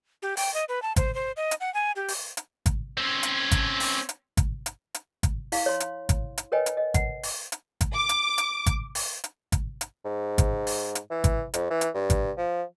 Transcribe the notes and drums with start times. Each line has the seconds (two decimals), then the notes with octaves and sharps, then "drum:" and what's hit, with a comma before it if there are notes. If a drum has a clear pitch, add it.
0.22 G4
0.37 G5, drum: open hi-hat
0.54 D#5
0.69 B4
0.82 A5
0.96 C5, drum: kick, hi-hat
1.15 C5
1.36 D#5
1.51 drum: hi-hat
1.60 F#5
1.74 G#5
1.96 G4
2.08 drum: open hi-hat
2.37 drum: hi-hat
2.66 drum: kick, hi-hat
2.97 C4 C#4
3.23 drum: hi-hat
3.51 drum: kick, hi-hat
3.80 drum: open hi-hat
4.09 drum: hi-hat
4.37 drum: kick, hi-hat
4.66 drum: hi-hat
4.95 drum: hi-hat
5.23 drum: kick, hi-hat
5.52 E4 F5, drum: open hi-hat
5.66 C#5 C6
5.80 drum: hi-hat
6.09 drum: kick, hi-hat
6.38 drum: hi-hat
6.52 A#4 B4 C#5 D#5 G5 G#5
6.66 drum: hi-hat
6.77 D#5
6.94 F#5, drum: kick, hi-hat
7.23 drum: open hi-hat
7.52 drum: hi-hat
7.81 drum: kick, hi-hat
7.94 D6
8.09 drum: hi-hat
8.38 drum: hi-hat
8.66 drum: kick, hi-hat
8.95 drum: open hi-hat
9.24 drum: hi-hat
9.52 drum: kick, hi-hat
9.81 drum: hi-hat
10.05 G#2
10.38 drum: kick, hi-hat
10.67 drum: open hi-hat
10.95 drum: hi-hat
11.11 E3
11.24 drum: kick, hi-hat
11.54 F2, drum: hi-hat
11.70 E3
11.81 drum: hi-hat
11.94 G2
12.10 drum: kick, hi-hat
12.37 F3